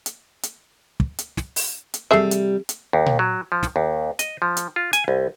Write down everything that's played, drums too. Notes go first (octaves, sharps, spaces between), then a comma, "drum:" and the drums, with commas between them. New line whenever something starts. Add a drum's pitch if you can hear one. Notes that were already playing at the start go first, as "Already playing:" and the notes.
drum: hi-hat
drum: hi-hat
drum: kick
drum: hi-hat
drum: snare
drum: open hi-hat
drum: hi-hat
C3 G3 A3 G#4 E5
drum: hi-hat
drum: hi-hat
D#2
drum: tom A#2
F#3
F3
drum: snare
D#2
D#5, drum: hi-hat
F3
drum: hi-hat
F4
G#5, drum: hi-hat
C2